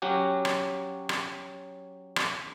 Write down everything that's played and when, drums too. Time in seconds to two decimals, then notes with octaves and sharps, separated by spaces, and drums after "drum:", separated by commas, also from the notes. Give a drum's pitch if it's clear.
0.02 F#3 C#4 F#4 G4
0.45 drum: rim click
1.09 drum: rim click
2.16 drum: rim click